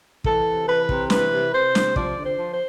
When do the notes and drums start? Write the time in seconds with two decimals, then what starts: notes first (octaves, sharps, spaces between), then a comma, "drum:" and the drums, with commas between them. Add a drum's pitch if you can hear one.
0.24 E3 A4, drum: kick
0.46 C3
0.67 E3 B4
0.89 C3, drum: kick
1.10 E3 B4, drum: snare
1.32 C3
1.53 C3 C5
1.75 C3, drum: snare
1.96 F3 D5, drum: kick
2.17 D3
2.25 C5
2.39 F3
2.53 C5